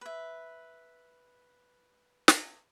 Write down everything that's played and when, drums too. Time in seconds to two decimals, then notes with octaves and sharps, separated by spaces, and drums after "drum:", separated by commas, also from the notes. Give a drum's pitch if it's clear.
0.01 B4 E5
2.28 drum: snare